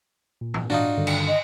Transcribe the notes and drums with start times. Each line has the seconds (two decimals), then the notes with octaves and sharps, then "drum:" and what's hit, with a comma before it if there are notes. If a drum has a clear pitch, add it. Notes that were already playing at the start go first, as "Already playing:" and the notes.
0.41 A#2
0.54 drum: tom
0.70 D4 D#4 F4 F#4
0.98 G2 D3 D#3
1.07 drum: cymbal
1.27 D#5